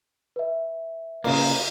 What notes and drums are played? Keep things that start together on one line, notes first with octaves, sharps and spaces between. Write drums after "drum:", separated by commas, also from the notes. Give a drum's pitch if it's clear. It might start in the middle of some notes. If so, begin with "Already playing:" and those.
B4 E5
C#3 A#3, drum: cymbal